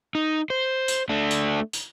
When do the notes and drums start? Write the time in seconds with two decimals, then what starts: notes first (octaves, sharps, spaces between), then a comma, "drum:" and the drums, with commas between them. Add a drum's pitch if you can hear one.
0.15 D#4
0.50 C5
0.88 drum: tambourine
1.09 A3 D4
1.31 drum: tambourine
1.73 drum: tambourine